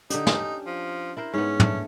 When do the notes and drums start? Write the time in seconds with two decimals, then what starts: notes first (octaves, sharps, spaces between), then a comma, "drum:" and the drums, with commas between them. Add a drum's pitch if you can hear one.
0.10 D3 D#4 G4, drum: hi-hat
0.27 C#4 D4 G4, drum: snare
0.66 F3
1.17 E4 A#4 C5
1.34 G#2 B3 C#4
1.60 A3 D4, drum: tom